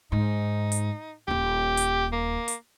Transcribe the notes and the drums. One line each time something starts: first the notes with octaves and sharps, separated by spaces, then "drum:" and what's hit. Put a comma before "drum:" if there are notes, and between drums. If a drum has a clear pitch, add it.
G#2 D#4
drum: hi-hat
D#1 F4 G4
drum: hi-hat
A#3
drum: hi-hat